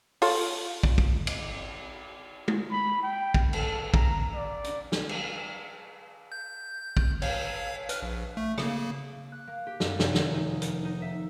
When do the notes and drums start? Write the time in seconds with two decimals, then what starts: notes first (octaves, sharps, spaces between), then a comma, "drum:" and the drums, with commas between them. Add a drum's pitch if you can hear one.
0.22 F4 A4 C#5, drum: open hi-hat
0.83 drum: kick
0.98 drum: kick
1.27 drum: cymbal
2.48 drum: tom G#3
2.71 B5
3.03 G5
3.34 drum: kick
3.53 A4, drum: cymbal
3.94 A#5, drum: kick
4.35 D5
4.64 drum: hi-hat
4.92 drum: snare
5.09 drum: cymbal
6.32 G6
6.97 drum: kick
7.22 C#5 F5, drum: cymbal
7.89 B4 F6, drum: hi-hat
8.02 A#1
8.37 A3
8.58 C#3 A#3, drum: rim click
9.32 F#6
9.47 A#3
9.67 G4
9.80 F#2, drum: snare
9.99 F1, drum: snare
10.15 D#3, drum: snare
10.34 D#4
10.62 A#4, drum: hi-hat
10.85 D#4
11.02 E5